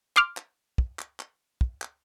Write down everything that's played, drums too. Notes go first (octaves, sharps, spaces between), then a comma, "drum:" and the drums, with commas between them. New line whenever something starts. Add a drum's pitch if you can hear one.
C6 D6 F6, drum: clap
drum: clap
drum: kick
drum: clap
drum: clap
drum: kick
drum: clap